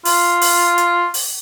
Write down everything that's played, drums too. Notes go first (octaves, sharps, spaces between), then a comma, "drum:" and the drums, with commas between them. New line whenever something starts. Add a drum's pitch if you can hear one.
F4, drum: open hi-hat
drum: open hi-hat
drum: hi-hat
drum: open hi-hat